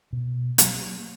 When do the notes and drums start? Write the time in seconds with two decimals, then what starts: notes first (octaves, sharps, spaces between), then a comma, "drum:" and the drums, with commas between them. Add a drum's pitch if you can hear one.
0.13 B2
0.58 F#3 A#3, drum: hi-hat